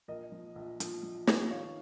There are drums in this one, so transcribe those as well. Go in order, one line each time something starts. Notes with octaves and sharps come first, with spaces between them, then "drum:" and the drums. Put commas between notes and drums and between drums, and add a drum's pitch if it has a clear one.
A#1 A#4 D#5
F3
A#1
F3, drum: hi-hat
F3
F3, drum: snare
D#3 C#5 F5